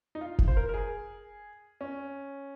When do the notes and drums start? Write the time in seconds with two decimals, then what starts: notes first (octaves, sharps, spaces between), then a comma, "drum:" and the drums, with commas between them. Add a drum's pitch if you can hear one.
0.15 D#4
0.21 F4
0.39 drum: kick F1
0.48 C5
0.57 A#4
0.69 A#4
0.74 G#4
1.81 C#4